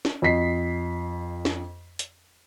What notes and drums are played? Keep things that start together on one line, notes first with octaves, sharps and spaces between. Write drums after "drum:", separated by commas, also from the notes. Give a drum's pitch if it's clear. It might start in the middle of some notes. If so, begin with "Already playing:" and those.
drum: snare
F2 D#5 B6 C7
drum: snare
drum: hi-hat